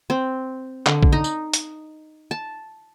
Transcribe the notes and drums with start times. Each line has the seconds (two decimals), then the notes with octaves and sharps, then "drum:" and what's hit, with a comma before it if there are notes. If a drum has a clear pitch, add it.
0.10 C4
0.86 D3, drum: clap
1.03 drum: kick
1.12 D#4
1.24 drum: tambourine
1.54 drum: hi-hat
2.31 A5